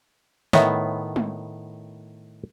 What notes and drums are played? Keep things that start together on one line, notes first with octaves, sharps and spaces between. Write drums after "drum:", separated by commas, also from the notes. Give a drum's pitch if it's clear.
A2 D#3 B3 C#5 E5, drum: snare
drum: tom